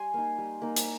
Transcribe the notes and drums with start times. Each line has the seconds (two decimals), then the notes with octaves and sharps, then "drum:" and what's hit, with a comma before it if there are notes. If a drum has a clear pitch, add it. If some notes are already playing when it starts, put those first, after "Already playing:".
Already playing: G3 G#5 C6
0.14 A#3 D#4
0.38 G3
0.62 A#3 D#4
0.77 drum: hi-hat